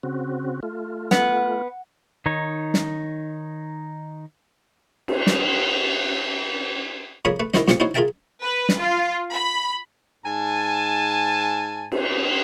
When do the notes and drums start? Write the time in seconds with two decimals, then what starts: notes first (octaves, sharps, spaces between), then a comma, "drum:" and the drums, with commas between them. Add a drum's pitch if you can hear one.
0.03 C#3 C4 F#4
0.63 A3 F4
1.11 B3, drum: snare
2.26 D#3 D#4 C#5
2.74 drum: snare
5.08 drum: cymbal
5.27 drum: snare
7.25 F2 C#3 A#4 C#5 B5 D#6
7.40 A3 B4
7.54 D#3 E4 F#4 C5 D#5, drum: snare
7.68 F2 F3 G4 C5 C#6, drum: snare
7.80 D#4 E4 F#4 C5 C#5
7.95 F4 G#4 A#4 E5 G5 A5
8.42 B4
8.69 drum: snare
8.78 F4
9.31 B5
10.25 G#2 G#5 A5
11.92 drum: cymbal